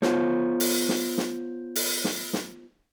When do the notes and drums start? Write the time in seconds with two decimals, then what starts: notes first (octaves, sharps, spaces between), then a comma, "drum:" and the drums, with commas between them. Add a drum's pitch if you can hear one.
0.02 B3 F4 C5 C#5, drum: snare
0.60 drum: open hi-hat
0.89 drum: snare
1.18 drum: snare
1.76 drum: open hi-hat
2.04 drum: snare
2.33 drum: snare